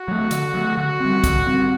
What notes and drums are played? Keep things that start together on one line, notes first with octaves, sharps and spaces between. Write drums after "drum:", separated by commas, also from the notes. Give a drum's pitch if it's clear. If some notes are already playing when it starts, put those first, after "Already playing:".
Already playing: F#4
F#3 A3
D3, drum: hi-hat
F#3 A3
D3 F#4
G3 C4
D3, drum: kick, hi-hat
G3 C4